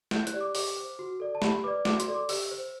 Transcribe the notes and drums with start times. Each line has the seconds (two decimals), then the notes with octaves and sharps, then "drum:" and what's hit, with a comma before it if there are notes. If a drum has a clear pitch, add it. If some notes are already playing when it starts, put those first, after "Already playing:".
0.11 E4 G6, drum: snare
0.27 F#6, drum: hi-hat
0.33 G4 D5
0.41 D6
0.55 G4 D6, drum: open hi-hat
0.76 C5
0.99 F#4
1.20 A4 D5
1.35 A5
1.42 G4 B5, drum: snare
1.64 B4 D5 D6
1.85 F#4 D6, drum: snare
2.00 C6, drum: hi-hat
2.08 A4 D5
2.14 D6
2.29 G4 E6, drum: open hi-hat
2.51 C5